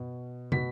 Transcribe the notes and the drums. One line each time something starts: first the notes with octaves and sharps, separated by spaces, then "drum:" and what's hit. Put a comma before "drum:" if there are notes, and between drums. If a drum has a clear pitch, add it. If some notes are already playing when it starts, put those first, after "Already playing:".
Already playing: B2
B2 B6, drum: tom